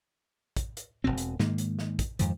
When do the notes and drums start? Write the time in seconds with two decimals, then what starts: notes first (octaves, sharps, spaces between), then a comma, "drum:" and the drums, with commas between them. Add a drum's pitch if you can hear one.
0.56 drum: kick, hi-hat
0.77 drum: hi-hat
1.04 E1 B1 B2 C4
1.18 drum: hi-hat
1.39 G#2 D#3 A#3, drum: snare
1.58 drum: hi-hat
1.79 drum: snare
1.99 drum: kick, hi-hat
2.19 F2 G#2 D#3 F3, drum: hi-hat